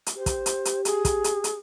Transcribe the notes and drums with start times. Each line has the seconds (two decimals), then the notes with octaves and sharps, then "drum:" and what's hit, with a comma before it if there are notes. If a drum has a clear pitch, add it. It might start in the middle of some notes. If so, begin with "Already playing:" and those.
0.06 drum: hi-hat
0.17 G4 C5
0.26 drum: kick, hi-hat
0.46 drum: hi-hat
0.65 drum: hi-hat
0.85 G#4, drum: hi-hat
1.05 drum: kick, hi-hat
1.24 drum: hi-hat
1.44 drum: hi-hat